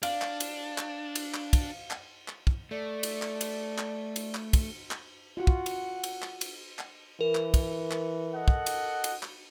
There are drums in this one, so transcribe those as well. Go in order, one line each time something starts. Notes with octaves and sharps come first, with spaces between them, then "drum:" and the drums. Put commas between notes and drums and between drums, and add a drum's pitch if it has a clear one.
D4 F5, drum: cymbal
drum: clap
drum: cymbal
drum: clap
drum: cymbal
drum: clap
drum: kick, cymbal
drum: clap
drum: clap
drum: kick
A3 D5
drum: cymbal
drum: clap
drum: cymbal
drum: clap
drum: cymbal
drum: clap
drum: kick, cymbal
drum: clap
F4 F#4 F#5
drum: kick
drum: cymbal
drum: cymbal
drum: clap
drum: cymbal
drum: clap
E3 A#4
drum: clap
drum: kick, cymbal
drum: clap
A4 D#5 F#5
drum: kick
drum: cymbal
drum: cymbal
drum: clap